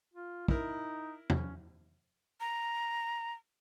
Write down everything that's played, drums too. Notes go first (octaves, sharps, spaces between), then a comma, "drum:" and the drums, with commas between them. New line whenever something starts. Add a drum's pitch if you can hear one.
F4
D#4 E4 A#4, drum: kick
C#4, drum: tom E2
A#5